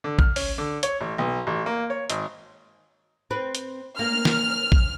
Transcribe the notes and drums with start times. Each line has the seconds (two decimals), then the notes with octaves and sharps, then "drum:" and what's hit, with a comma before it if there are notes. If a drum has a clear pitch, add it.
0.04 D3
0.19 F6, drum: kick A1
0.36 C#4, drum: open hi-hat
0.58 D3
0.83 C#5, drum: hi-hat
1.01 A1
1.18 B1
1.47 A1
1.66 A#3
1.90 C#5
2.10 G#1, drum: hi-hat
3.31 C4 B4
3.55 drum: hi-hat
3.99 A#3 F6
4.25 drum: snare
4.72 drum: kick A1